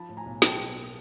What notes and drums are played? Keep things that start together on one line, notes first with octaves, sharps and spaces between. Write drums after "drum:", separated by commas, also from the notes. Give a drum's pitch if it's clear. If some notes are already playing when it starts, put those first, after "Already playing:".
Already playing: F3 A5 B5
A2
G#5 A#5
B1
F#3 G5 A5, drum: snare
B2
A#3